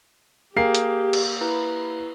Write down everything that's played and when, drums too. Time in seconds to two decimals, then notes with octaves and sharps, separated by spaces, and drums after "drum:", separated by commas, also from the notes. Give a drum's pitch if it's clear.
0.56 A#3 G4 G#4 G5 C7
0.75 drum: hi-hat
1.13 drum: cymbal
1.41 E4 B4 A#5